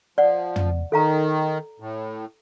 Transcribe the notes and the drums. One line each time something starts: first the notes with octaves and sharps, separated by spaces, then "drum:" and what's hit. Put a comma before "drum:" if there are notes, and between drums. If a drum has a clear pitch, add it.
F3 D5 F#5
drum: tom
D#3 A4 F5 A#5
A2